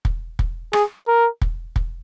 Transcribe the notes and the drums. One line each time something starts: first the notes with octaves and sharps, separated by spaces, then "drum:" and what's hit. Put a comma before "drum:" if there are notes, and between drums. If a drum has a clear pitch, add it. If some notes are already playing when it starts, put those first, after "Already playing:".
drum: kick
drum: kick
G#4, drum: rim click
A#4
drum: kick
drum: kick